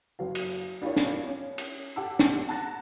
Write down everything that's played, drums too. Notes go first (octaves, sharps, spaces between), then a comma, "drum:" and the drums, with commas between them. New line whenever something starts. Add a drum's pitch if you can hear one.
F#1 F#3 F5
drum: cymbal
D4 E4 F4 G4 A#4 C#5
drum: snare
C#4
drum: cymbal
G4 A4 F#5 A5 D6 E6
drum: snare
F#5 A5 A#5 F#6 A6 A#6